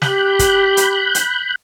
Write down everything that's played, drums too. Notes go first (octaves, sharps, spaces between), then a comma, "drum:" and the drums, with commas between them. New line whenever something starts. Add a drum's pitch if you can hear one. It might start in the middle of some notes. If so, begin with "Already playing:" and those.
G4 B5 F#6 G6, drum: snare
drum: kick, hi-hat
drum: hi-hat
drum: hi-hat